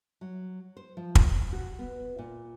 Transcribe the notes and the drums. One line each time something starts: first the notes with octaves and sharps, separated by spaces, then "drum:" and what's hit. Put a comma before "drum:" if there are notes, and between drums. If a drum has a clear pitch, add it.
F#3
C5
F3
drum: kick
D5
F#4
B3
A#2